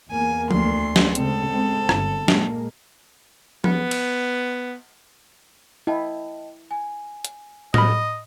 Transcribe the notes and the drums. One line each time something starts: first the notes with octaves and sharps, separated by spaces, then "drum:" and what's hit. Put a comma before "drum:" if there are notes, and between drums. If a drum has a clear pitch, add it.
E2 A#3 G#5
D2 C6, drum: tom F3
drum: snare
C#3 G#3 C4 A4, drum: hi-hat
G#3 C4
G1, drum: rim click
A#2 G#3 A#3, drum: snare
B3, drum: tom F3
drum: cymbal
E4 D#5 G5 A5
G#5
drum: hi-hat
D#5 B5 F6 A#6, drum: tom A2